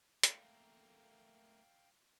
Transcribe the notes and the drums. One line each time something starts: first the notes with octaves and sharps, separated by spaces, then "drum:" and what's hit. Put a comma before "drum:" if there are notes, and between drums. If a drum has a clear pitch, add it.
A3 A#3 F5 G5, drum: hi-hat